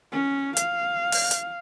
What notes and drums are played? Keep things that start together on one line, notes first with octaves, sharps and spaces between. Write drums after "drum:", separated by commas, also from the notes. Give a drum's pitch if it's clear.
C#4
F5, drum: hi-hat
drum: open hi-hat
drum: hi-hat